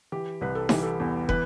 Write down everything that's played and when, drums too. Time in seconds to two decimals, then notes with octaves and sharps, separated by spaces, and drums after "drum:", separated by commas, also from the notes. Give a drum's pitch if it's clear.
0.12 E3 G4
0.41 C2 B4
0.55 A4
0.69 E3 G4, drum: snare D#4
0.83 A4
1.00 E2
1.29 E3 B4, drum: kick